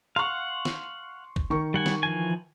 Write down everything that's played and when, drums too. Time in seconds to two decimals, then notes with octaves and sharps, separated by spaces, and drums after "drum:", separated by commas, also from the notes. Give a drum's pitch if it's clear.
0.16 F5 F#5 C6 C#6
0.65 drum: snare
1.36 drum: kick B1
1.50 D#3 A#4 C#6
1.74 G3 F#5 G#5
1.86 drum: snare
2.03 E3 F3 G#5